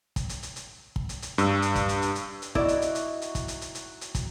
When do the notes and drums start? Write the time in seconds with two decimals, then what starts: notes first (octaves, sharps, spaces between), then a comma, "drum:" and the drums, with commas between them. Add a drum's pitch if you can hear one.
0.16 drum: kick, hi-hat
0.29 drum: hi-hat
0.43 drum: hi-hat
0.56 drum: hi-hat
0.96 drum: kick
1.09 drum: hi-hat
1.22 drum: hi-hat
1.38 G2 E6, drum: hi-hat
1.62 drum: hi-hat
1.75 drum: kick, hi-hat
1.89 drum: hi-hat
2.02 drum: hi-hat
2.15 drum: hi-hat
2.42 drum: hi-hat
2.55 D#4 E4 F#4 D5, drum: kick
2.68 drum: hi-hat
2.82 drum: hi-hat
2.95 drum: hi-hat
3.22 drum: hi-hat
3.35 drum: kick, hi-hat
3.48 drum: hi-hat
3.61 drum: hi-hat
3.75 drum: hi-hat
4.01 drum: hi-hat
4.15 drum: kick, hi-hat